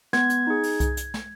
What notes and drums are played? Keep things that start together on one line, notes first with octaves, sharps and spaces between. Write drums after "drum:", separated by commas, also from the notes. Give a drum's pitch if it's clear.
B3 G#6, drum: snare
drum: hi-hat
D#4 G#4
drum: open hi-hat
drum: kick C2, hi-hat
drum: hi-hat
drum: snare